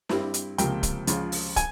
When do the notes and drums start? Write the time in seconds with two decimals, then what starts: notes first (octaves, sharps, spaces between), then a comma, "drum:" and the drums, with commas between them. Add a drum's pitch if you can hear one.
0.09 G2 G3 C4 E4, drum: snare
0.34 drum: hi-hat
0.58 C#2 C3 F3 A#3 G5, drum: hi-hat
0.83 drum: kick, hi-hat
1.07 C#2 C#3 F3, drum: hi-hat
1.32 drum: open hi-hat
1.56 G#5, drum: kick, hi-hat